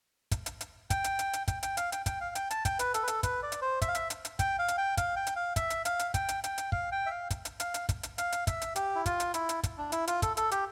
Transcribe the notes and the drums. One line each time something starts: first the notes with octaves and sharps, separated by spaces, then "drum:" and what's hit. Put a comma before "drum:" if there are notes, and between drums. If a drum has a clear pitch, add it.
drum: kick, hi-hat
drum: hi-hat
drum: hi-hat
G5, drum: kick, hi-hat
drum: hi-hat
drum: hi-hat
drum: hi-hat
G5, drum: kick, hi-hat
G5, drum: hi-hat
F5, drum: hi-hat
G5, drum: hi-hat
G5, drum: kick, hi-hat
F5
G5, drum: hi-hat
A5, drum: hi-hat
G5, drum: kick, hi-hat
B4, drum: hi-hat
A4, drum: hi-hat
B4
A4, drum: hi-hat
B4, drum: kick, hi-hat
D5
drum: hi-hat
C5
E5, drum: kick, hi-hat
F5
E5, drum: hi-hat
drum: hi-hat
drum: hi-hat
G5, drum: kick, hi-hat
F5
drum: hi-hat
G5
F5, drum: kick, hi-hat
G5
drum: hi-hat
F5
E5, drum: kick, hi-hat
drum: hi-hat
F5, drum: hi-hat
drum: hi-hat
G5, drum: kick, hi-hat
drum: hi-hat
G5, drum: hi-hat
drum: hi-hat
F5, drum: kick
G5
E5
F5
drum: kick, hi-hat
drum: hi-hat
F5, drum: hi-hat
drum: hi-hat
drum: kick, hi-hat
drum: hi-hat
F5, drum: hi-hat
drum: hi-hat
E5, drum: kick, hi-hat
drum: hi-hat
G4, drum: hi-hat
E4
F4, drum: kick, hi-hat
drum: hi-hat
E4, drum: hi-hat
drum: hi-hat
drum: kick, hi-hat
D4
E4, drum: hi-hat
F4, drum: hi-hat
A4, drum: kick, hi-hat
A4, drum: hi-hat
G4, drum: hi-hat